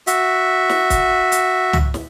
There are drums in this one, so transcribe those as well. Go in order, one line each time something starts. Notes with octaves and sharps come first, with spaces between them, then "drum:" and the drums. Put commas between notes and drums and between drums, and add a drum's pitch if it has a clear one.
F#4 E5, drum: hi-hat
drum: snare
drum: kick, hi-hat
drum: hi-hat
drum: tom
drum: snare